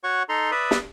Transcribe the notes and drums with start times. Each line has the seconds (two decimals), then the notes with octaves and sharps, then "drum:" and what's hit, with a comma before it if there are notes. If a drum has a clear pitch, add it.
0.04 F#4 C#5 F#5 C#6
0.29 D#4 A4 A#5 C6
0.51 B4 D5 E5 D#6
0.71 drum: snare